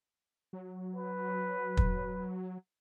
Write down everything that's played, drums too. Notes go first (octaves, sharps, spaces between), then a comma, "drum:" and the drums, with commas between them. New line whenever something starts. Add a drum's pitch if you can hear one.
F#3
B4
drum: kick